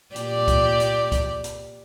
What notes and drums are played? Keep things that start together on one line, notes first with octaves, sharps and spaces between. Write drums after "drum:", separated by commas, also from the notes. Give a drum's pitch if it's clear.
A#2 G4 D5, drum: hi-hat
drum: kick, hi-hat
drum: hi-hat
drum: kick, hi-hat
drum: hi-hat